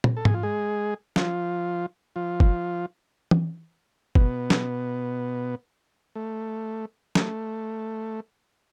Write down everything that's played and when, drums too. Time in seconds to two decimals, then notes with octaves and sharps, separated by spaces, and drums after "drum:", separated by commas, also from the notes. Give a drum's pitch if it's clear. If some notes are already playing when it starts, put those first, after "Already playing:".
0.04 drum: tom
0.17 A4
0.25 G#4, drum: tom
0.34 F4
0.43 G#3 G#4
1.16 F3 F4, drum: snare
2.16 F3 F4
2.40 drum: kick
3.31 drum: tom E3
4.15 B2 B3, drum: kick
4.50 drum: snare
6.15 A3
7.15 A3, drum: snare